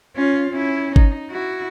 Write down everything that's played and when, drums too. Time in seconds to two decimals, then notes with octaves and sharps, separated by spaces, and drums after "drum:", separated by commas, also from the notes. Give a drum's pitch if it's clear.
0.16 C#4 F4
0.51 C#4 E4
0.96 D#4, drum: kick G1
1.30 E4 F#4